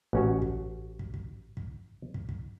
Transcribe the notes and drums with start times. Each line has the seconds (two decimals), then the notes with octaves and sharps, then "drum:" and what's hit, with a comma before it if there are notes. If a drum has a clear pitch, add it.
0.13 A1 C#4 F#4
0.42 drum: kick
0.99 drum: kick
1.14 drum: kick
1.57 drum: kick
2.14 drum: kick
2.29 drum: kick